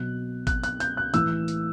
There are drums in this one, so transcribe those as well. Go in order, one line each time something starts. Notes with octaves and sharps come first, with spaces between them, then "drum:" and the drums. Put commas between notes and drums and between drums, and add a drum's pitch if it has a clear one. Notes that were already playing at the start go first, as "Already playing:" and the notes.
Already playing: B2 F#3 F#6
F#6, drum: kick G#1, hi-hat
F#6, drum: hi-hat
G6, drum: hi-hat
F#6
A2 E3 E6, drum: hi-hat
drum: hi-hat